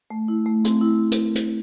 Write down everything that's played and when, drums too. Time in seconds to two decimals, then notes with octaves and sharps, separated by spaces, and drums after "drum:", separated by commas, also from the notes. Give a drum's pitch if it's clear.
0.10 A3
0.28 E4
0.46 A3
0.65 C4, drum: hi-hat
0.81 E4
1.12 drum: hi-hat
1.35 drum: hi-hat